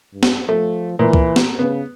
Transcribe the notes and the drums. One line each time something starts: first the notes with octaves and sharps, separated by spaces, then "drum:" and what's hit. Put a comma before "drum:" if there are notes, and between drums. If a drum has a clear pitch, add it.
G2
drum: snare
F3 A3
A#2 E3
drum: kick
drum: snare
C#3 B3